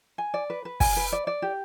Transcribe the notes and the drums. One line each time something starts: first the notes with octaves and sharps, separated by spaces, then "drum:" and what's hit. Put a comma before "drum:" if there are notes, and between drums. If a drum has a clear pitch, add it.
G#5
D5
B4
B4
G#5, drum: kick, open hi-hat
B4
D5
D5
G4